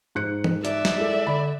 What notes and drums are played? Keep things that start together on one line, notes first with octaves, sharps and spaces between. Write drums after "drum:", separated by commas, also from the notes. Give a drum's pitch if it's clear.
G#2 F#6 C#7
drum: tom E3
D5 E5, drum: hi-hat
drum: snare
G#3 E4 A4
D3 B5